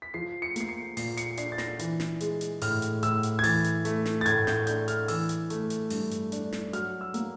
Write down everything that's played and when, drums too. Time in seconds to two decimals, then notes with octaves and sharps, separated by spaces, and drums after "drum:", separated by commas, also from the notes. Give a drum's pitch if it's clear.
0.02 B6
0.14 F3 C7
0.42 C#7
0.56 A#3 C7, drum: hi-hat
0.69 C#7
0.97 A#2 C7, drum: open hi-hat
1.17 C#7, drum: hi-hat
1.37 D4 C7, drum: hi-hat
1.52 A6
1.58 A#6, drum: snare
1.79 E3, drum: hi-hat
2.00 drum: snare
2.21 G#3, drum: hi-hat
2.41 drum: hi-hat
2.62 A2 F6, drum: open hi-hat
2.82 drum: hi-hat
3.03 A2 E6, drum: hi-hat
3.23 drum: hi-hat
3.39 G#6
3.44 E3 A6, drum: open hi-hat
3.64 drum: hi-hat
3.85 A3, drum: hi-hat
4.06 drum: snare
4.21 A6
4.26 A2 G#6, drum: hi-hat
4.47 G6, drum: snare
4.67 D4 G6, drum: hi-hat
4.88 F6, drum: hi-hat
5.08 E3 E6, drum: open hi-hat
5.29 drum: hi-hat
5.50 A3, drum: hi-hat
5.70 drum: hi-hat
5.90 G2, drum: open hi-hat
6.11 drum: hi-hat
6.32 D4, drum: hi-hat
6.53 drum: snare
6.73 F#3 F6, drum: hi-hat
7.01 E6
7.14 A#3, drum: hi-hat